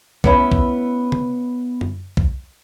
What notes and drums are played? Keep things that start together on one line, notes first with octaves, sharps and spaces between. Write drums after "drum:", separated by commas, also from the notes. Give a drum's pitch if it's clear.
B3 C#4 E4, drum: kick B1
drum: kick B1
drum: tom C3
drum: tom F#2
drum: kick B1